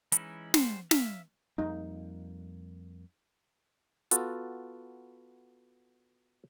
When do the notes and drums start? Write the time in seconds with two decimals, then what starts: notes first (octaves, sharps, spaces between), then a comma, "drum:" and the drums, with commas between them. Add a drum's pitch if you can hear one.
0.12 E3 G#3 C#4 D#4 E4, drum: hi-hat
0.54 G3 G#3 C5 F#5, drum: snare
0.91 E5 F5, drum: snare
1.58 F2 G3 A#3 D#4
4.11 B3 F4 F#4 A4, drum: hi-hat